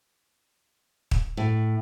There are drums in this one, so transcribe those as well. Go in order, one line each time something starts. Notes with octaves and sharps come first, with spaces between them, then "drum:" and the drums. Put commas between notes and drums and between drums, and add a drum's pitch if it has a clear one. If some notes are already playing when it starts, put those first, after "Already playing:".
drum: kick
A2